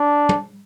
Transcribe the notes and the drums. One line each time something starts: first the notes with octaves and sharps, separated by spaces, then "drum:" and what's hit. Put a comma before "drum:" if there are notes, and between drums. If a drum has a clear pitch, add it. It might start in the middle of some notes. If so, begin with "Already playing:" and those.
Already playing: D4
drum: tom